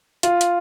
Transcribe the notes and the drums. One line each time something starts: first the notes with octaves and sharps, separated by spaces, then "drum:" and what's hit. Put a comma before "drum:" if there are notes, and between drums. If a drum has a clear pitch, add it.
F4, drum: hi-hat
drum: hi-hat